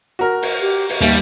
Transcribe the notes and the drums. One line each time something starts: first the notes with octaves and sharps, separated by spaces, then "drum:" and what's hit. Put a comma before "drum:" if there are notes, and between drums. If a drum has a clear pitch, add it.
F#4 A#4
drum: open hi-hat
G4
drum: open hi-hat
D#2 G3 E5